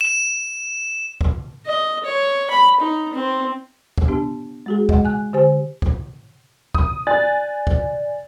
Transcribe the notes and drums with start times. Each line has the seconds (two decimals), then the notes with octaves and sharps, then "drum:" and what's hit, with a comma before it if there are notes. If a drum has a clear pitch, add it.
0.01 E7
1.21 drum: kick
1.66 D#5
2.05 C#5
2.50 B5
2.80 D#4
3.14 C4
3.98 drum: kick
4.08 B3 D4 G4
4.66 G#3 F#4 G#4
4.89 G#3 D#5 F#5, drum: kick
5.05 G#5 F#6
5.33 D3 G4 C5 G#5
5.82 drum: kick
6.74 D#6, drum: kick
7.07 D5 G#5 F#6 A6
7.67 drum: kick